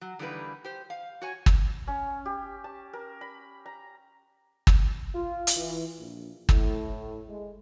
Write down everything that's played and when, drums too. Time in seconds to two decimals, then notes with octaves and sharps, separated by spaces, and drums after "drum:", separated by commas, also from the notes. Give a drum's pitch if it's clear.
0.01 F#3
0.19 D3 E3 G3 A#3 D#4 B4
0.64 G4 C5
0.90 F5
1.21 F#4 C#5 G#5
1.46 drum: kick
1.87 C#4
2.26 G4
2.64 A5
2.93 A#4
3.21 B5
3.66 A#5
4.67 drum: kick
5.14 F4
5.47 drum: hi-hat
5.57 E3
5.98 A#1
6.49 A2, drum: kick
7.29 G#3